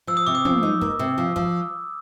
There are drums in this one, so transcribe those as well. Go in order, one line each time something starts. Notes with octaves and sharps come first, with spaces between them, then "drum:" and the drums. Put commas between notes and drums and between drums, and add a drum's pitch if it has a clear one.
F3 E6
D#6
C3 D6
D#6
F3, drum: tom
D#4
A#3, drum: kick
C3
F3
F3, drum: kick